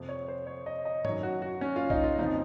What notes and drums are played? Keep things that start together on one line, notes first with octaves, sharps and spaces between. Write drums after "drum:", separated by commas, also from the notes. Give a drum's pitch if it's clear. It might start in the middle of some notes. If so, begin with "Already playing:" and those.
Already playing: F2 C3 F3
C#5
C5
C#5
D#5
D#5
F#2 D#3 F#3 C#5, drum: tom
F#4
F#4
C#4
F4
D#4, drum: kick B1
F4
F2 C#3 F3 D#4